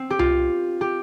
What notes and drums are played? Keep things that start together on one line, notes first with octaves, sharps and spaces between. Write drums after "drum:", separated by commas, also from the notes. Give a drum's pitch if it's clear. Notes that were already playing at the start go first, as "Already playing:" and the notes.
Already playing: C4
G4
F4, drum: tom C2
G4